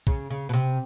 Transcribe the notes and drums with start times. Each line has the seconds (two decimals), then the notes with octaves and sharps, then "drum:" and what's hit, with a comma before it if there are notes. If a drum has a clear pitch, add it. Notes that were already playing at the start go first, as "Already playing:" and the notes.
0.07 C#3, drum: kick
0.30 C#3
0.49 B2
0.54 C3